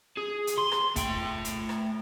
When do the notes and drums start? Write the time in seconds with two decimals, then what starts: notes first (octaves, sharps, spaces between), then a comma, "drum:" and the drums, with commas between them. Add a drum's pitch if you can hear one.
0.17 G#4
0.47 drum: hi-hat
0.57 C6
0.72 drum: rim click
0.96 A3 G5, drum: kick, hi-hat
1.45 drum: hi-hat
1.69 drum: rim click